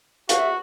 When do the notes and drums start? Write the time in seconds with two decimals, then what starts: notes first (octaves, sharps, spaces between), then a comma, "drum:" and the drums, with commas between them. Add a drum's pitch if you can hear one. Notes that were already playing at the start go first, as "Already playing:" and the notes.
0.29 F#4 F5, drum: hi-hat
0.39 E5